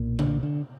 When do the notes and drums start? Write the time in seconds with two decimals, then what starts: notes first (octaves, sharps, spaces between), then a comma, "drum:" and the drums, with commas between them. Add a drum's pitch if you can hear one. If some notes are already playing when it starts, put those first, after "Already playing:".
Already playing: B1 A#2
0.19 D3, drum: tom C3
0.43 D3